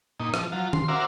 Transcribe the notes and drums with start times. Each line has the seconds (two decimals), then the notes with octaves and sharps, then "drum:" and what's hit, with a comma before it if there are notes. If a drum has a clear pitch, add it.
0.20 A#2 D#4
0.34 F3, drum: rim click
0.52 F#3 F4
0.73 C6, drum: tom D#3
0.88 F#4 A#4 C5 D5 E5 F5